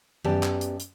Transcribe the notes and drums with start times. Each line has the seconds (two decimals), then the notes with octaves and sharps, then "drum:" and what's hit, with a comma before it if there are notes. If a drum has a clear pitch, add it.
0.25 F#2 B3 G4 D5 A5, drum: tom D#3
0.43 drum: clap
0.61 drum: hi-hat
0.80 drum: hi-hat